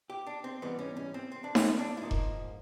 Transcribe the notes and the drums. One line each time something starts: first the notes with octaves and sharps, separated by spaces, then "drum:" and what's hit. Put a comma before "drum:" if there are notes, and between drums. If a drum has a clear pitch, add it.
G4
D4
C4
G#2 E3 G3 B3
C#4
C#4
C4
C4
D4
C#4, drum: snare D#4
D4
E4
G#2 F3 A#3 D#4
drum: kick E1